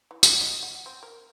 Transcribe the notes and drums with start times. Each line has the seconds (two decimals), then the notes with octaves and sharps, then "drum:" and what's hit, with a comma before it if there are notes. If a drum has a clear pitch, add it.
0.11 E3
0.23 F#5, drum: tambourine
0.41 D#5
0.63 F#5
0.86 C4
1.03 A#4